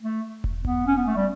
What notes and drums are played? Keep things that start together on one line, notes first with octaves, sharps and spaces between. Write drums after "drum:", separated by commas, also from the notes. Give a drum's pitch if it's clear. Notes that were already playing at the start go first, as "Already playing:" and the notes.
A3
drum: kick
B3, drum: kick
C#4
B3
A3
G3